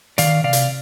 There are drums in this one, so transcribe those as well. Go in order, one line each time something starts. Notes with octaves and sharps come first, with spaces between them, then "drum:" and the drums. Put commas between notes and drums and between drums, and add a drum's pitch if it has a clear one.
D#3 D5 F5, drum: hi-hat
C3 D5 F5
drum: hi-hat